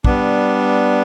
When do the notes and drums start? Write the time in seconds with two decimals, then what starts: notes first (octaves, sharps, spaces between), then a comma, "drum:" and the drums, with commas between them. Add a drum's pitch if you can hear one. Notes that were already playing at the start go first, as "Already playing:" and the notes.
0.04 G3 B3 D4, drum: kick